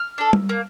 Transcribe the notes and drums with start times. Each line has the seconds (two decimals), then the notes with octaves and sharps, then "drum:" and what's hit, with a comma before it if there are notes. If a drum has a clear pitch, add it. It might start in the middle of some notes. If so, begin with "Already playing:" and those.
Already playing: F6
0.18 D4 A4
0.33 drum: tom G3
0.49 A#3